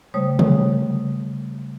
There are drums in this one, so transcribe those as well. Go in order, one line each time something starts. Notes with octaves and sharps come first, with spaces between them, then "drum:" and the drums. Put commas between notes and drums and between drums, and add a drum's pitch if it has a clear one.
C#3 G3 A3 C5 C#5 D#6
drum: tom